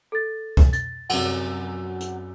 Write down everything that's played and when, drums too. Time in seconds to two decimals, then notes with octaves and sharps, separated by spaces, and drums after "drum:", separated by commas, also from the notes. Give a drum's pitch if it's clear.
0.12 A4 A6
0.57 drum: kick
0.73 A6, drum: hi-hat
1.09 F#2 C3 F#4, drum: cymbal
2.00 drum: hi-hat